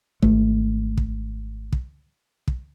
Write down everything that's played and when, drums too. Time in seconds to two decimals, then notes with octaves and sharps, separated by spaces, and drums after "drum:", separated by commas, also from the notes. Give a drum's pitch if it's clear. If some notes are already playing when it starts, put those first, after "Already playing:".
0.22 G#1 A3, drum: kick
0.97 drum: kick
1.72 drum: kick
2.48 drum: kick